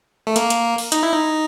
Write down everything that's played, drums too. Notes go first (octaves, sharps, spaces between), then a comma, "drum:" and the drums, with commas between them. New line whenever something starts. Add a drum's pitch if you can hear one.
A3
A#3, drum: hi-hat
drum: hi-hat
drum: open hi-hat
D#4, drum: hi-hat
E4
D#4